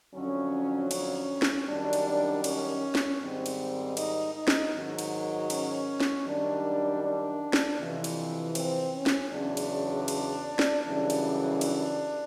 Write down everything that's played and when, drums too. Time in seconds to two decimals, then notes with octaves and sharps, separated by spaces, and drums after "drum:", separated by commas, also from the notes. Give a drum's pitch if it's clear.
0.14 F2 D3 F#3 C#4
0.91 C#4, drum: cymbal
1.42 drum: snare
1.67 F#2 D#3 G3 D4
1.93 drum: cymbal
2.44 C#4, drum: cymbal
2.95 drum: snare
3.20 G#2 D#3 G3 C4
3.46 drum: cymbal
3.97 D#4, drum: cymbal
4.35 D#4
4.48 drum: snare
4.73 G#2 D#3 F#3
4.99 drum: cymbal
5.50 C#4, drum: cymbal
6.00 drum: snare
6.26 F#2 D#3 G3 D4
7.02 D4
7.53 drum: snare
7.79 F2 C3 E3
8.04 drum: cymbal
8.55 C4, drum: cymbal
8.94 C#4
9.06 drum: snare
9.31 E2 C#3 F#3 D4
9.57 drum: cymbal
10.08 drum: cymbal
10.59 drum: snare
10.84 F#2 C#3 E3 G3
11.10 drum: cymbal
11.61 D4, drum: cymbal